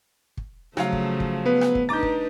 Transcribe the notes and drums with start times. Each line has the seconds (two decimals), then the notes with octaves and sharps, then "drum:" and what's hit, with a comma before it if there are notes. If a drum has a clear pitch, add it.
0.37 drum: kick
0.77 C#3 F3 F#3 A3 F5, drum: rim click
0.92 drum: kick
1.20 drum: kick
1.46 B3 B4
1.61 drum: rim click
1.75 drum: kick
1.89 D4 D#4 B4 A#5 D6 G6 A6
2.03 drum: kick